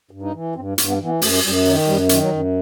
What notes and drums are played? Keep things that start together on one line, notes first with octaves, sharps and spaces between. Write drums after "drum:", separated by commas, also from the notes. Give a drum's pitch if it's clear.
G2
D#4
E3
G2 C4
G2, drum: hi-hat
B3
E3
B3
F#2 A3, drum: open hi-hat
F#2 G3
D#3 F#3
F#2 G3
D#3, drum: hi-hat
F#3
F#2